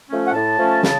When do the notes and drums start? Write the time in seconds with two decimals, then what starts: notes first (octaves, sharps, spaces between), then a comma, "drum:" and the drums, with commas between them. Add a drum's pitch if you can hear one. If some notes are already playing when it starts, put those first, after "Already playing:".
0.09 F3 A3 C#4
0.27 F#5
0.33 A2 A5
0.58 F3 A3 C#4
0.83 C#3, drum: snare